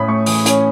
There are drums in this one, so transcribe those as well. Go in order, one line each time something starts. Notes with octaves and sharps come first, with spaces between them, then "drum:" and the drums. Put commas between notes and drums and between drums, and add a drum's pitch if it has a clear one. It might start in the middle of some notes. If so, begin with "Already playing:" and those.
Already playing: A2 C#4 B5 D#6
A3 C#6
E3 D#6, drum: open hi-hat
C#4, drum: hi-hat